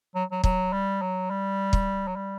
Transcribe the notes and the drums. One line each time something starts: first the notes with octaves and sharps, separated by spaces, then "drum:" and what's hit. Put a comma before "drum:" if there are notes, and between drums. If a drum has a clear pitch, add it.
F#3
F#3
F#3, drum: kick
G3
F#3
G3
drum: kick
F#3
G3